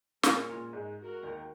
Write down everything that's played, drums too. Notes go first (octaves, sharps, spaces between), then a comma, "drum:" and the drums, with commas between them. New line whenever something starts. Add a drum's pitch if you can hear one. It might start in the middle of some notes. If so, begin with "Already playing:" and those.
A#2 G#3 C#4 A#4 C#5, drum: snare
A#2 A#3
G#2 G#3
G#3 F#4 A#4
D#2 D#3